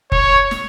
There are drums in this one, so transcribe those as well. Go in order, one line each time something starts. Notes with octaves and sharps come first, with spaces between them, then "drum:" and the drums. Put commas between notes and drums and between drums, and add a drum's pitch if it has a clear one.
C#5, drum: kick F1
drum: snare